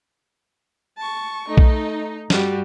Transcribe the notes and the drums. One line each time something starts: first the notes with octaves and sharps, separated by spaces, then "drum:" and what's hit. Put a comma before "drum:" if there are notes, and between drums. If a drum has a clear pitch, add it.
A5 C#6
A3 D#4
drum: kick B1
G2 G3 F#4, drum: snare